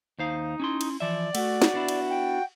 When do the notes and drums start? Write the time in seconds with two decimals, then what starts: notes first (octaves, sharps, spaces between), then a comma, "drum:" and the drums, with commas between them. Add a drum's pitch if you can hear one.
0.19 D#2 D#4 C5 F5
0.60 C#4 E4 C6
0.81 drum: cymbal
1.00 E3 F3 D5 E5
1.35 A3 F#4, drum: cymbal
1.62 drum: snare
1.74 B3 D4 E4
1.88 drum: cymbal
2.10 G5